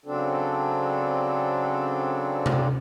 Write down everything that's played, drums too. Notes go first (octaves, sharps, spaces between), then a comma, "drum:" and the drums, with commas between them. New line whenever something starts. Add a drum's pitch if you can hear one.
C#3 F#3 C4 D4 A4
drum: tom C3